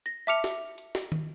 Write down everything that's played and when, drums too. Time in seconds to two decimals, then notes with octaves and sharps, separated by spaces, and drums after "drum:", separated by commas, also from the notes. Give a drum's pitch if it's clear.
0.06 A#6
0.27 E5 A5 D6 F6 C#7 F7
0.44 drum: snare
0.78 drum: hi-hat
0.95 drum: snare
1.12 drum: tom